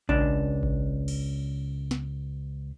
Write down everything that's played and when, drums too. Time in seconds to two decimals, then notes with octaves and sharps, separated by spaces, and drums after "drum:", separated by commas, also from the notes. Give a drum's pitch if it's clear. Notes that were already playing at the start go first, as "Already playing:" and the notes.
0.09 C#2 D4, drum: kick A1
0.63 drum: kick A1
1.08 drum: cymbal
1.91 drum: snare